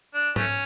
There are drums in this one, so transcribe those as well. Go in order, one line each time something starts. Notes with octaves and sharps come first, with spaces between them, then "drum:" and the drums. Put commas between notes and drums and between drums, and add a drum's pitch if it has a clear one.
D4
A3 C#4, drum: tom G#2